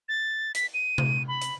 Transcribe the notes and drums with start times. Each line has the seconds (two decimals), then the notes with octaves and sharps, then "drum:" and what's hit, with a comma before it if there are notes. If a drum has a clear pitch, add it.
0.09 A6
0.55 B6, drum: hi-hat
0.74 D#7
0.98 drum: tom C3
1.28 B5
1.42 drum: hi-hat